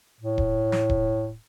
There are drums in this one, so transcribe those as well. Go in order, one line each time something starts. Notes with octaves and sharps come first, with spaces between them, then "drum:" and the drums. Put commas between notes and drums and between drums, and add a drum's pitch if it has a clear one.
A2
drum: kick D#1
drum: snare
drum: kick D#1